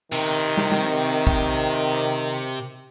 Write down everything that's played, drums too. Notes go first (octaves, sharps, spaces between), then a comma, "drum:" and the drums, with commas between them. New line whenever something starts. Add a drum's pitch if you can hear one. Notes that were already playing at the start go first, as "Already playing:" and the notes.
C3 D#3, drum: hi-hat
drum: snare
drum: snare
drum: kick